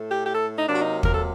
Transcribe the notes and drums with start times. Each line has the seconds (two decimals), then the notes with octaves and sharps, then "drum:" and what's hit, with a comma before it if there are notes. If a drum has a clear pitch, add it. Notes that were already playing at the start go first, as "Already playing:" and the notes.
Already playing: A2 A3
0.09 G4
0.23 G4
0.34 A4
0.55 D#4
0.66 C3 F#3 A#3 D4
0.75 F#4
0.80 D#4
1.03 A#4, drum: kick
1.11 A4